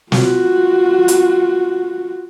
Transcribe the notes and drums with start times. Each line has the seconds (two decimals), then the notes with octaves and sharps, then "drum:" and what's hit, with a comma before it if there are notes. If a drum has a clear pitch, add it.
0.12 F4 F#4, drum: snare
1.08 drum: hi-hat